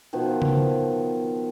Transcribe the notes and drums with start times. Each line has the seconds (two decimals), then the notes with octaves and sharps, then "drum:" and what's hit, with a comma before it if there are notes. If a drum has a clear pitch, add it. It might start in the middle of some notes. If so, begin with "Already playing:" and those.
0.13 B2 D#3 F3
0.42 drum: tom C#3